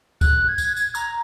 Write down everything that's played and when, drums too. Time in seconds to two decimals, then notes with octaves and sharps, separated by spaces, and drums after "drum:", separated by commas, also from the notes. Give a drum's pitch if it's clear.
0.21 F#6, drum: kick, tambourine
0.48 G#6
0.58 drum: tambourine
0.77 G#6, drum: tambourine
0.95 A#5, drum: tambourine